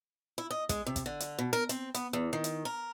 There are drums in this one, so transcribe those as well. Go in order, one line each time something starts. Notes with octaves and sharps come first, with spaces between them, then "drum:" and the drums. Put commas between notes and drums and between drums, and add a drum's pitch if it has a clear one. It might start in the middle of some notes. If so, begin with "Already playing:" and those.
E4
D#5
G#3, drum: kick, hi-hat
C3
drum: kick, hi-hat
D3
drum: hi-hat
B2
A#4
C4, drum: hi-hat
B3, drum: hi-hat
E2
D#3
drum: hi-hat
A#4